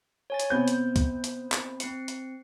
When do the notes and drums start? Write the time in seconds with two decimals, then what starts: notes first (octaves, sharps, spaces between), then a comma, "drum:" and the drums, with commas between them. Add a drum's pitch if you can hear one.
0.30 C#5 G#5 A6
0.40 drum: hi-hat
0.50 C3 B3 C5 G6
0.68 drum: hi-hat
0.96 drum: kick, hi-hat
1.24 drum: hi-hat
1.52 drum: clap
1.80 C4 C7 C#7, drum: hi-hat
2.08 drum: hi-hat